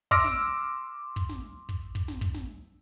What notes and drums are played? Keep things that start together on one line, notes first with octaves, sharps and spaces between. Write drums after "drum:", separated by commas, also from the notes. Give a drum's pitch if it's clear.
C6 D6 E6 F6 A#6 D7, drum: kick
drum: snare
drum: kick
drum: snare
drum: kick
drum: kick
drum: snare
drum: kick
drum: snare